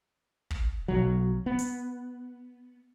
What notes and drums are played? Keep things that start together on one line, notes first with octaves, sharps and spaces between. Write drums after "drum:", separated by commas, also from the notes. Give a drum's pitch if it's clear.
drum: kick
B1 F#3
B3
drum: hi-hat